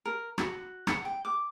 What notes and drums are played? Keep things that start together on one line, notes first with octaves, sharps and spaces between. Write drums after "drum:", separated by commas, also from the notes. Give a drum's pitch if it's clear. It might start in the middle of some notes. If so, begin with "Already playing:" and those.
A#4
F#4, drum: rim click
F#5, drum: rim click
G5
D6